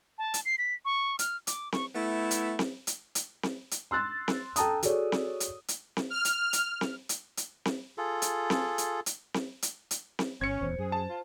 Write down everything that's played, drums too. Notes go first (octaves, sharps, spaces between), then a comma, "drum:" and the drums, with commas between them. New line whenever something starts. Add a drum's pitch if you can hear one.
A5
drum: hi-hat
C7
B6
C#6
F6, drum: hi-hat
D6, drum: hi-hat
C#6, drum: snare C4
A3 B3 E4
drum: hi-hat
drum: snare C4
drum: hi-hat
drum: hi-hat
drum: snare C4
drum: hi-hat
C6 E6 F#6 A6
drum: snare C4
A4 G5 A5 A#5 D#6, drum: hi-hat
F#4 G#4 A4 C#5 D5, drum: hi-hat
drum: snare C4
drum: hi-hat
drum: hi-hat
drum: snare C4
F6
drum: hi-hat
drum: hi-hat
drum: snare C4
drum: hi-hat
drum: hi-hat
drum: snare C4
F4 G#4 A4
drum: hi-hat
drum: snare C4
drum: hi-hat
drum: hi-hat
drum: snare C4
drum: hi-hat
drum: hi-hat
drum: snare C4
G1 C#4 G#6 C#7
D#1 E2 C5
F#2 G#4
A5
F4